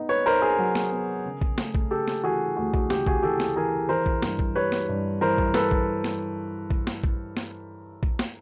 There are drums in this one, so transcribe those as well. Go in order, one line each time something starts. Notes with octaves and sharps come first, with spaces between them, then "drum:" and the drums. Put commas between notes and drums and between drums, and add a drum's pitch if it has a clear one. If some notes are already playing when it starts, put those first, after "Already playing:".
Already playing: B3 D#4
B4 C#5
D#4 A#4 C5
G#4 A#4
F#3
drum: snare
B3
C#3
drum: kick A#1
A3, drum: snare
drum: kick A#1
C#3 G4 A4
drum: snare
E3 F#4 G#4
D2 F#4
F#4, drum: kick A#1
C#3 G4, drum: snare
F#4 G#4, drum: kick A#1
E3 G4 A4
drum: snare
E3 G#4 A#4
E3 A#4 C5
drum: kick A#1
G2, drum: snare
drum: kick A#1
G3 B4 C#5
drum: snare
G2
E3 A#4 C5
drum: kick A#1
A4 B4, drum: snare
drum: kick A#1
drum: snare
drum: kick A#1
drum: snare
drum: kick A#1
drum: snare
drum: kick A#1
drum: snare